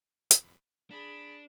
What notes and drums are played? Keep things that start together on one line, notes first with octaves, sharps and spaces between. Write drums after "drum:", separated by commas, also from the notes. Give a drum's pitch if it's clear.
drum: hi-hat
D4 G#4 B5